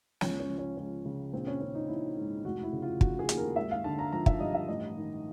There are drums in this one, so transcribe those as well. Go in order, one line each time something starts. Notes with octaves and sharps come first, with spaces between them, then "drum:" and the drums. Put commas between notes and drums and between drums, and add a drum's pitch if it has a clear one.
C#2 C#4, drum: snare
C#4
F3
C#4
C#2 C#4
C#3
A#1 C4
C#4
D#3 C#4
D#4
A#1 E4
G#2
F1 F#4
E4
C#3
F4
F1 F#4, drum: kick
G#4
D#2, drum: hi-hat
A#4
G#1 E5
F5
D3 A5
A#5
F3 A#5
E5, drum: kick
G2 D#5
E5
A1 D#5
D#3